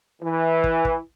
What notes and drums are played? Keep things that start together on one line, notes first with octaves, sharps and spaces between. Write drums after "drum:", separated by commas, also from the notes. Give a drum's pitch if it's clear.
E3
drum: kick
drum: kick